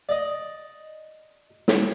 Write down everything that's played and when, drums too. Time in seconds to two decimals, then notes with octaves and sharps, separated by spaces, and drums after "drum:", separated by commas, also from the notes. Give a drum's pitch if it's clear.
0.09 D5 D#5
1.68 drum: snare